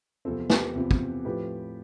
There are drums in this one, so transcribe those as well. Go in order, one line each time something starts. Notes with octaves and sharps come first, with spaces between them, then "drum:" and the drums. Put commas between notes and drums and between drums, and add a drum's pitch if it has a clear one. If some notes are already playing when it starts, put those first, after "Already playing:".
E2 C3 F3 C4 A4
G4 B4, drum: snare
E2 C3 F3 C4
drum: kick
A2 F3 C4 G4 B4